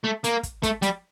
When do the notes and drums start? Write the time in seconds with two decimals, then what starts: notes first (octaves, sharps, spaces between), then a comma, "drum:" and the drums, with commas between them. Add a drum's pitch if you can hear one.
0.04 A3
0.24 A#3, drum: hi-hat
0.43 drum: kick, hi-hat
0.63 A3, drum: kick, hi-hat
0.83 G3, drum: hi-hat